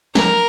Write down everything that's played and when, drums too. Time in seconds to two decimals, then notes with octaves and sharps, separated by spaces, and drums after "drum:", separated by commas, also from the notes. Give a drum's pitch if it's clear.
0.15 A#4, drum: snare